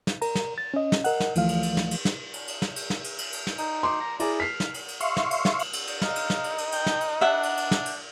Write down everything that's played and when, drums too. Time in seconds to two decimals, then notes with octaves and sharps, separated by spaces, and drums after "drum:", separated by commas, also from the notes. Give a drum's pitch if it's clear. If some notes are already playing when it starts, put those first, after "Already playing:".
0.07 drum: snare
0.22 A#4 A#5, drum: cymbal
0.35 drum: snare
0.58 A6
0.74 C#4 D#5
0.92 drum: snare
1.04 A#4 D#5 F#5, drum: cymbal
1.20 drum: snare
1.35 D2 E3 F3 A3 F5, drum: cymbal
1.49 drum: cymbal
1.63 drum: cymbal
1.77 drum: snare
1.91 drum: cymbal
2.05 drum: snare
2.34 drum: cymbal
2.48 drum: cymbal
2.62 drum: snare
2.76 drum: cymbal
2.90 drum: snare
3.04 drum: cymbal
3.18 drum: cymbal
3.33 drum: cymbal
3.47 drum: snare
3.58 D#4, drum: cymbal
3.83 C6 D6
4.00 A#5
4.20 E4 G#4 D5 A#5, drum: cymbal
4.40 F6 B6 C7
4.60 drum: snare
4.74 drum: cymbal
4.88 drum: cymbal
5.00 E5 F5 C6 C#6, drum: cymbal
5.17 drum: snare
5.31 drum: cymbal
5.45 drum: snare
5.59 drum: cymbal
5.73 drum: cymbal
5.87 drum: cymbal
6.02 D#4 F5, drum: snare
6.16 drum: cymbal
6.30 drum: snare
6.44 drum: cymbal
6.58 drum: cymbal
6.72 G5, drum: cymbal
6.86 drum: snare
7.01 drum: cymbal
7.21 D4 E5 F#5
7.43 drum: cymbal
7.57 drum: cymbal
7.71 drum: snare
7.86 drum: cymbal